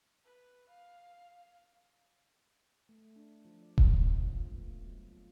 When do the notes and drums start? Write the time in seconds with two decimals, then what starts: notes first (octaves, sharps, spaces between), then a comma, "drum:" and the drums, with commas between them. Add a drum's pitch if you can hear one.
0.24 B4
0.69 F5
2.89 A3
3.16 D4
3.45 F3
3.63 D5
3.78 G#3, drum: kick D#1
4.00 C4
4.22 F4
4.43 A3
4.55 B3
4.85 F#3
5.12 F4